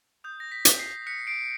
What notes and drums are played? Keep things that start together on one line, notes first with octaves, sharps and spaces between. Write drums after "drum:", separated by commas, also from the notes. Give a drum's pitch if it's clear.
D#6 G6
A#6
B6
D#6, drum: hi-hat
C7
F#6 B6 C#7
C7 D7